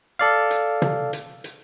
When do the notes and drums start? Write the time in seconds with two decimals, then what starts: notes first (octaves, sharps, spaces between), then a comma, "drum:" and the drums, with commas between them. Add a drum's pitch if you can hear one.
0.19 A4 D5 F5
0.51 drum: hi-hat
0.82 drum: tom
1.13 drum: hi-hat
1.44 drum: hi-hat